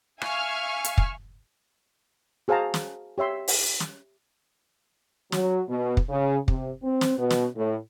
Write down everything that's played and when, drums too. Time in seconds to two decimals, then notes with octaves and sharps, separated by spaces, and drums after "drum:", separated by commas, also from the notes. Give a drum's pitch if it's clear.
0.21 E5 F5 G#5 C#6 F6, drum: rim click
0.84 drum: hi-hat
0.98 drum: kick
2.48 F#4 G#4 C5 F5 A5 A#5
2.74 drum: snare
3.18 G4 C#5 E5 C6
3.48 drum: open hi-hat
3.80 drum: snare
5.32 F#3, drum: snare
5.69 B2
5.97 drum: kick
6.10 C#3
6.48 C3, drum: kick
6.83 C4
7.01 drum: snare
7.18 B2
7.30 drum: snare
7.57 A2